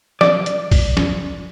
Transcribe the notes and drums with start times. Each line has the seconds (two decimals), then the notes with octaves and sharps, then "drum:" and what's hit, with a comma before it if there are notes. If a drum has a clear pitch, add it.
0.21 D5, drum: snare
0.46 drum: hi-hat
0.72 drum: kick, open hi-hat
0.97 drum: snare